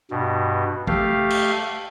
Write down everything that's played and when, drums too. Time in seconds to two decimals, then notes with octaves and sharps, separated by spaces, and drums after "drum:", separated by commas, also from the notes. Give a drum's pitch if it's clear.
0.11 G2 B2
0.87 A3 G4 F5, drum: kick
1.30 drum: cymbal